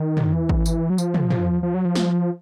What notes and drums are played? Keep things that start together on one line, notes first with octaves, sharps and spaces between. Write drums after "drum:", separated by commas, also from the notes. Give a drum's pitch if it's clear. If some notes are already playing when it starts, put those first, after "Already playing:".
Already playing: D#3
drum: tom
E3
drum: kick
drum: tambourine
F#3
F3, drum: tambourine
drum: tom
drum: tom
F3
F#3
F3
drum: snare